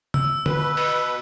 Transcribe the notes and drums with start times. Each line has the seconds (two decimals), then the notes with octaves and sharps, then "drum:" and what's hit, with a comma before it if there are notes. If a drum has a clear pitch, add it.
0.14 E6, drum: tom
0.46 B2 B4, drum: tom
0.77 drum: open hi-hat